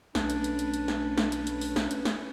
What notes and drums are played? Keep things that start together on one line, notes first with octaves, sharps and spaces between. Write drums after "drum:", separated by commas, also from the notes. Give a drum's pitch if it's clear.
B1 A3 C#4 D4 B4, drum: snare
drum: hi-hat
drum: hi-hat
drum: hi-hat
drum: hi-hat
drum: snare
drum: snare
drum: hi-hat
drum: hi-hat
drum: open hi-hat
drum: snare
drum: hi-hat
drum: snare